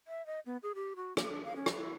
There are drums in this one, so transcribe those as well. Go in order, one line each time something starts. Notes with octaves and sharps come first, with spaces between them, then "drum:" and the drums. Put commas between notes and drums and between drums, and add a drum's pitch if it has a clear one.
E5
D#5
B3
G#4
G4
F#4
A#3, drum: rim click
D4
F5
C#4
drum: rim click
E4